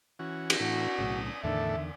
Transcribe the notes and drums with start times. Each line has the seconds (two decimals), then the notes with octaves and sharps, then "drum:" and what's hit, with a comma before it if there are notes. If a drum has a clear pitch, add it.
0.19 E3 C#4 F#4
0.50 drum: cymbal
0.60 A2 E3 F#4
0.99 B1 A2 C#3 D#6
1.44 E2 A2 D3 D#3 D4 A4 E5